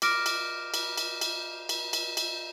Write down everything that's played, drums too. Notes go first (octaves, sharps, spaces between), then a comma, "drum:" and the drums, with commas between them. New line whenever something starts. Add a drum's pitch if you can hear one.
D6 F6 A#6 D7, drum: cymbal
drum: cymbal
drum: cymbal
drum: cymbal
drum: cymbal
drum: cymbal
drum: cymbal
drum: cymbal